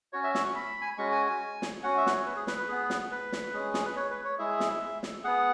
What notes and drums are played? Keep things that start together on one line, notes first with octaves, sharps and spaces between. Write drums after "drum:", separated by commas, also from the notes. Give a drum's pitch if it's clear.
C#4 F#4 C#5
E5
E6, drum: snare
C#6
B5
G#5
B5
G#3 C#4 F#4 C#6
G#5
G#5
drum: snare
C#4 F#4 F#5
E5
B4, drum: snare
C#5
B4
G#4
B4, drum: snare
B4
B3 G#4
drum: snare
B4
drum: snare
G#3 C#4 G#4
G#4, drum: snare
B4
C#5
B4
C#5
G#3 E4 G#4 E5
drum: snare
drum: snare
B3 G#4 F#5